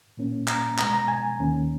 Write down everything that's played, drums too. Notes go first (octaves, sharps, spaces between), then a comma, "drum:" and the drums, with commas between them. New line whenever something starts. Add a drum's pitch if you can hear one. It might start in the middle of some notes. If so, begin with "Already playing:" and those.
A#2 A#3 C#4
A#5, drum: clap
B2 G#3 B3 A#5, drum: clap
A#5
G#5
D#2 D#3 A#3 C#4